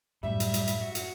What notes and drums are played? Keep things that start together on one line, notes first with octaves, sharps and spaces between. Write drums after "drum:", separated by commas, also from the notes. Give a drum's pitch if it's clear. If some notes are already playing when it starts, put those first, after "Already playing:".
F#2 A2 F#3 G3 E5
drum: hi-hat
drum: hi-hat
drum: hi-hat
F#4
drum: hi-hat